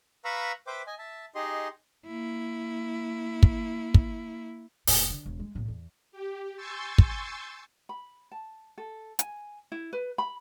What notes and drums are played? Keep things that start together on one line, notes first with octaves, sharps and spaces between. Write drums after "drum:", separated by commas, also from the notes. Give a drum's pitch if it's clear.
B4 F5 A#5 B5 C#6 E6
B4 C5 E5 G5 D6
D#5 G#5
E5 A5
D#4 G4 G#4 D#5 C6
A#3 E4
drum: kick
drum: kick
F1 A#2, drum: open hi-hat
D3
E1
G#3
B1 A2
E2
G4
G#5 C6 C#6 E6 G6 A6
drum: kick
B5
A5
A4
G#5, drum: hi-hat
E4
B4
B5